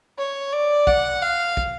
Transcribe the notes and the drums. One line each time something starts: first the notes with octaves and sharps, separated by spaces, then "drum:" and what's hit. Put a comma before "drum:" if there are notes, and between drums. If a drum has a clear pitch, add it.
C#5
D5
F#5, drum: kick
F5
drum: kick